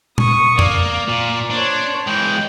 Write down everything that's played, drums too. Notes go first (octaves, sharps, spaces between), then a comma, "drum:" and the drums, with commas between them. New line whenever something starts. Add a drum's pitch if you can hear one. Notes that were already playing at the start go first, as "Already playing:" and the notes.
C#6 D#6, drum: tom A#2
A#3 D5, drum: tom F2
A#2
D4 C5 C#5
E3 G#3 G5